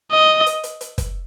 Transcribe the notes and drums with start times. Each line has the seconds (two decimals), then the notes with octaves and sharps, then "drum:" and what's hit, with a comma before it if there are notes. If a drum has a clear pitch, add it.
0.11 D#5
0.46 drum: hi-hat
0.63 drum: hi-hat
0.81 drum: hi-hat
0.98 drum: kick, hi-hat